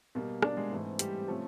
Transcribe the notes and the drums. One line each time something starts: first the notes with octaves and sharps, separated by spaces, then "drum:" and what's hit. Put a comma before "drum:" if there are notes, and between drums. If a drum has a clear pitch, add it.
B2 G3 A#3
D4 D5, drum: rim click
G#3 G#4
G#2 E3 A3 C4
G3 G4, drum: hi-hat
C3 F3 A3 C#4